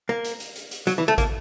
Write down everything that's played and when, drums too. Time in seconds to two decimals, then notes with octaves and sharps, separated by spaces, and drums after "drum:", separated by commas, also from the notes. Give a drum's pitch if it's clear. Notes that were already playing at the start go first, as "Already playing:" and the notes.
0.09 A#3
0.25 drum: hi-hat
0.40 drum: hi-hat
0.56 drum: hi-hat
0.71 drum: hi-hat
0.87 F#3, drum: hi-hat
0.98 E3
1.08 A3
1.18 A#3, drum: kick, hi-hat